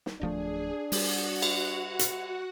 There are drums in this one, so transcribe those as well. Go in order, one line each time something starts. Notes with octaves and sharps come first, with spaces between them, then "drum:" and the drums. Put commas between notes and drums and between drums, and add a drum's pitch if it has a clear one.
drum: snare
D1 F3 A3 D4 G#4
G3 F#4 F#5, drum: open hi-hat
drum: cymbal
drum: hi-hat